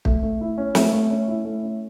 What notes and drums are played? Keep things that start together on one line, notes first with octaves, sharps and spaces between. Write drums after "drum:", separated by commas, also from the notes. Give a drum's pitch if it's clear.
A3, drum: kick
A3
E4
C#4
A3, drum: snare
A3
C#4
E4
A3
C#4